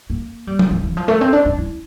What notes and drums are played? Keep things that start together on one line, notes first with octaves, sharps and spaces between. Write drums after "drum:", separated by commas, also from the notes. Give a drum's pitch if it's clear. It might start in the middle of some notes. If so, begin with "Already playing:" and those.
A#3
G3
F3, drum: tom
E3
E3
F3
A3
C4
D4
D4
E4